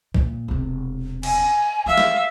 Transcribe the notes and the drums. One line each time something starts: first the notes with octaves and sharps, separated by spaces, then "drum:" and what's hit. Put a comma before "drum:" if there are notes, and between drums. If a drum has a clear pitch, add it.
A#2, drum: kick A#1
E1 C3
G#5, drum: cymbal
E3 E5 F5
drum: snare